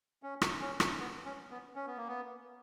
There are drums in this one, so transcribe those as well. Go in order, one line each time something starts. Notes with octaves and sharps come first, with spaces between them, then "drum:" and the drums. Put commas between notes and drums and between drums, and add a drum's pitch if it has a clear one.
C#4
drum: rim click
C#4
drum: rim click
B3
C#4
B3
C#4
B3
A#3
B3